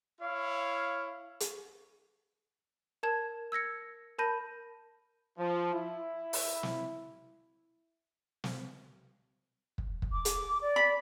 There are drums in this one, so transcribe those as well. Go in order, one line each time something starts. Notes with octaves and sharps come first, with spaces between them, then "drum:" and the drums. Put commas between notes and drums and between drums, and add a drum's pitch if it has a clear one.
E4 C#5 F5
drum: hi-hat
A#4 A5 G#6 E7
E6 G#6 A#6 C#7
A#4 A5 B5 G6 A#6 D#7
F3
E4
drum: open hi-hat
drum: snare
drum: snare
drum: kick
drum: kick
D6
drum: hi-hat
D5
B5